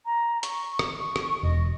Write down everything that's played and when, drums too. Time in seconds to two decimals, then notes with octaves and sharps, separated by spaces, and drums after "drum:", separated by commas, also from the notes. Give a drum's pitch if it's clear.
0.05 A#5
0.43 C#6, drum: hi-hat
0.79 drum: rim click
0.99 C#6
1.16 drum: rim click
1.43 E1 D#5